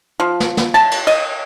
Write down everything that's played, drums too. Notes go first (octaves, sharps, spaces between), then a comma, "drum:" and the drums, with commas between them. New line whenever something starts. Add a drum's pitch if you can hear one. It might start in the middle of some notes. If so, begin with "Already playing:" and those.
F3
drum: snare
drum: snare
A5, drum: cymbal
drum: cymbal
D#5, drum: cymbal